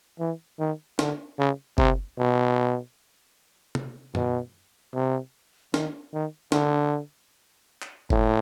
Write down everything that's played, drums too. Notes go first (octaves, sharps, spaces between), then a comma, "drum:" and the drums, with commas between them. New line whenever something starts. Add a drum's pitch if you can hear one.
E3
D#3
D3, drum: snare
C#3
C3, drum: kick F#1
B2
drum: tom C3
B2, drum: tom
C3
D#3, drum: snare
D#3
D3, drum: snare
drum: clap
A2, drum: kick F#1